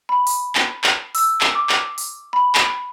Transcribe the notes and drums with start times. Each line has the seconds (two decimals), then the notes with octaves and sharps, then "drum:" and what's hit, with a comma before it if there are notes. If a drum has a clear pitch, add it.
0.09 B5
0.27 drum: open hi-hat
0.55 drum: clap
0.84 drum: clap
1.15 E6, drum: open hi-hat
1.41 drum: clap
1.55 D6
1.69 drum: clap
1.98 drum: open hi-hat
2.33 B5
2.55 drum: clap